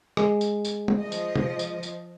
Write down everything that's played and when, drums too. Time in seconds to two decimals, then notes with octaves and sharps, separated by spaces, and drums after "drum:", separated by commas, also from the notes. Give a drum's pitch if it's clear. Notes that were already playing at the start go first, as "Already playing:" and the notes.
0.17 G#3, drum: rim click
0.41 drum: tambourine
0.65 drum: tambourine
0.88 drum: tom
1.00 F3 D#5
1.12 drum: tambourine
1.36 drum: tom
1.59 drum: tambourine
1.83 drum: tambourine